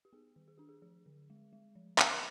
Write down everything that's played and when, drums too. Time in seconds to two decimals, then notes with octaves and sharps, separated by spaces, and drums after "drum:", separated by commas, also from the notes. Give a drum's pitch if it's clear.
0.05 G4
0.13 B3 G#4
0.36 D#3
0.48 G#4
0.58 D4 G4
0.69 G#4
0.82 F3 G#4
1.06 D3
1.30 G#3
1.53 G#3
1.76 F3
1.98 C4, drum: clap